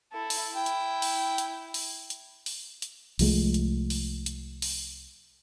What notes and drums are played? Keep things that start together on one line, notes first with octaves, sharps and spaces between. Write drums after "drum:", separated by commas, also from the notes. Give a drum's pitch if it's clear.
E4 A4
drum: open hi-hat
E4 G5
drum: hi-hat
drum: open hi-hat
drum: hi-hat
drum: open hi-hat
drum: hi-hat
drum: open hi-hat
drum: hi-hat
C2 F3 G#3 A3, drum: open hi-hat
drum: hi-hat
drum: open hi-hat
drum: hi-hat
drum: open hi-hat